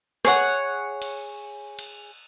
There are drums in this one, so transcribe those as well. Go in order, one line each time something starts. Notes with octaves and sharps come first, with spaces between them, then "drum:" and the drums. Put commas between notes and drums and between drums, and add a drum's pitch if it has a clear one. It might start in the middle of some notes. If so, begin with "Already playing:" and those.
G#4 C#5 F#5, drum: rim click
drum: cymbal
drum: cymbal